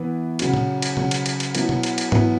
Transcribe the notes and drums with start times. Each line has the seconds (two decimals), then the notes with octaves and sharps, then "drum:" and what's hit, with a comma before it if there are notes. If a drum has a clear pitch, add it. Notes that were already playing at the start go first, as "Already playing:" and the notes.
Already playing: E3 B3 E4
0.39 C#3 F#3 C#4 F#4, drum: cymbal
0.54 drum: tom A#2
0.82 drum: cymbal
0.97 C#3 F#3 C#4 F#4, drum: tom B2
1.11 drum: cymbal
1.26 drum: cymbal
1.40 drum: cymbal
1.55 F#3 B3 E4, drum: cymbal
1.69 drum: tom B2
1.83 drum: cymbal
1.98 drum: cymbal
2.12 F#3 B3 E4, drum: tom G#2